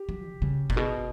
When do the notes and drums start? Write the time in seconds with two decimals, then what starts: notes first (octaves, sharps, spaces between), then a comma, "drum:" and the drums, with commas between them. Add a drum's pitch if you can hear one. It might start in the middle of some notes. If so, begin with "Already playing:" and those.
Already playing: G4
0.09 F#3
0.30 C3
0.42 C#3
0.70 A#2, drum: kick F#1
0.76 B2 G#4